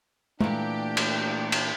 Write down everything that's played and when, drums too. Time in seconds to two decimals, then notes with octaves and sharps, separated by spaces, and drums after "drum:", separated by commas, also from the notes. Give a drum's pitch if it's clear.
0.41 A#2 E3 A3 D4 G4, drum: tom G#3
0.97 drum: cymbal
1.52 drum: cymbal